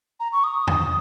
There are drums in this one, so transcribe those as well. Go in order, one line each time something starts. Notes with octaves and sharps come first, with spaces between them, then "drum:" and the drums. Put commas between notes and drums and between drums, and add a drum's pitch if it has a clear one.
A#5
C#6
D#6
drum: tom E2